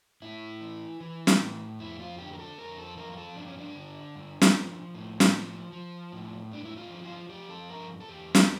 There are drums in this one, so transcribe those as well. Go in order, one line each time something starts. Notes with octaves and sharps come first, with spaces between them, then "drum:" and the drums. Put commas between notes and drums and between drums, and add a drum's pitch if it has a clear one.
A2 E4
E3
E3
drum: snare
A2
F2 E4
F4
D3 G4
A#4
A4
F2 A#4
A4
F3 A#4
A#4
A4
G2 D4
C#4
D4
D3
G2
drum: snare
F3
A2
drum: snare
F3
F3
A2
G2 D4
E4
F4
F3
F4
F3 G4
A4
G2 A#4
A4
E2 G4
drum: snare